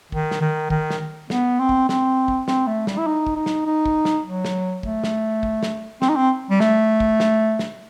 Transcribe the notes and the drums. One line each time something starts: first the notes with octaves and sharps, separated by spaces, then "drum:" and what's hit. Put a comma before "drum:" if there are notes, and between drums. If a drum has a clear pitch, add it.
D#3, drum: kick
drum: snare
D#3
D#3, drum: kick
drum: snare
B3, drum: snare
C4
drum: kick
C4, drum: snare
drum: kick
C4, drum: snare
A3
G3, drum: snare
E4
D#4
drum: kick
D#4
drum: snare
D#4
drum: kick
drum: snare
F#3
drum: snare
A3, drum: kick
drum: snare
drum: kick
drum: snare
C4, drum: snare
D#4
C4
G3
A3, drum: snare
drum: kick
drum: snare
drum: snare